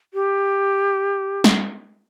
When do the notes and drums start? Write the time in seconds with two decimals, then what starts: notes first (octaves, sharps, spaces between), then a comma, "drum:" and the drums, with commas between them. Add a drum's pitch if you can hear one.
0.14 G4
1.44 drum: snare